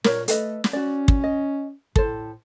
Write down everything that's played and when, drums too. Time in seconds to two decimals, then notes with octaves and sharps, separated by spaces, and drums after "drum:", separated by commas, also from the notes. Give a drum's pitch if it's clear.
0.04 A#2 A#4 C#5, drum: snare
0.28 A3 A4 B4 D#5, drum: hi-hat
0.64 drum: snare
0.73 C#4 F#4 D5
1.08 drum: kick
1.24 D#5
1.96 A2 A4 C5, drum: kick